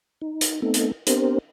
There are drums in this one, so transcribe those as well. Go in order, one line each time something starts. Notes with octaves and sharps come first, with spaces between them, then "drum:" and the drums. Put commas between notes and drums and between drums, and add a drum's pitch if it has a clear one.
D#4
drum: hi-hat
A3 B3 C4 D#4 A4
drum: hi-hat
B3 C4 D4 G4 A#4 C5, drum: hi-hat